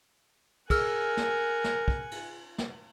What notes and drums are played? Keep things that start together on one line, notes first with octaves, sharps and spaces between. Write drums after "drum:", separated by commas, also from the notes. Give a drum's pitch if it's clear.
G#4 A#4 F#5 G#5 E6 F6, drum: kick, cymbal
drum: snare
drum: snare
drum: kick
drum: cymbal
drum: snare